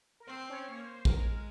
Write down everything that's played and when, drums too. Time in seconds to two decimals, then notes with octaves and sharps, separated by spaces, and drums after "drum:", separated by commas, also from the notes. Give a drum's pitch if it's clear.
0.20 A#4
0.27 C4 C5
0.50 C#4 C#5
0.71 A#3 C#4 C#5
0.83 C5
0.94 C5
1.05 A#4, drum: kick
1.16 G#3 A#4